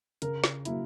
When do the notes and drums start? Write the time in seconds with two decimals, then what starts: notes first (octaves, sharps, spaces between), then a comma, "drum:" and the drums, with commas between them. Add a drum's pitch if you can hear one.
0.22 C#3 A#4, drum: hi-hat
0.44 drum: snare
0.65 F#3 A#3 E4, drum: hi-hat